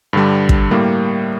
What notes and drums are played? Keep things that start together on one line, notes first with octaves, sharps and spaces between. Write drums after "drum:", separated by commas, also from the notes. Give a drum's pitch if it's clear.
G2 D3 G3
drum: kick
A2 G3 A#3